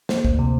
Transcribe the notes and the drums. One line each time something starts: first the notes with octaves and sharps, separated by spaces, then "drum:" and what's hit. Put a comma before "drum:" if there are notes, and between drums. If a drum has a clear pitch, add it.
A#3 C5, drum: snare
D2, drum: kick A#1
C3